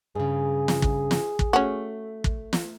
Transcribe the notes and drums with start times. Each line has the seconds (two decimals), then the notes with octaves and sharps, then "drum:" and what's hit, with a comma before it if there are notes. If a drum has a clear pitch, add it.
0.15 G2 C#3 G#4
0.68 drum: snare
0.82 drum: kick
1.11 drum: snare
1.39 drum: kick
1.53 A3 C#4 F#4
2.24 drum: kick
2.53 drum: snare